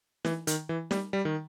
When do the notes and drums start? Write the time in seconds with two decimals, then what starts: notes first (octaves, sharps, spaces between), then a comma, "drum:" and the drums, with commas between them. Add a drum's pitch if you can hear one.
0.25 E3, drum: snare
0.47 D#3, drum: hi-hat
0.69 E3
0.91 G3, drum: snare
1.13 G3
1.25 D#3